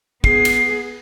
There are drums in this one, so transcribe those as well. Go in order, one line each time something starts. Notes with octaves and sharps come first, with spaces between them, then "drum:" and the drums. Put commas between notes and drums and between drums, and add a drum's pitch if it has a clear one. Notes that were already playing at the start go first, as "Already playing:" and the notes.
B3 G#4 C7, drum: kick
drum: cymbal